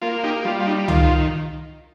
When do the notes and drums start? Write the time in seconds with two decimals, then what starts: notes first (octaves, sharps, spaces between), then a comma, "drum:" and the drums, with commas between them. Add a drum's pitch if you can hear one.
0.02 A#3 F4
0.23 D#4 G4
0.45 G3 F4
0.60 F4
0.66 D#4
0.88 D#3 F4, drum: tom